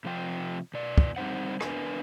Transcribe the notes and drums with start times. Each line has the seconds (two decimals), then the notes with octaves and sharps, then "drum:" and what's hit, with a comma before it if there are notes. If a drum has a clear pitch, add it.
0.05 C3 F3 F4 G5
0.74 B2 D5
0.98 drum: kick
1.16 G3 C4 D#4 C5 F#5
1.61 B3 D4 A#4 B4 G#5, drum: rim click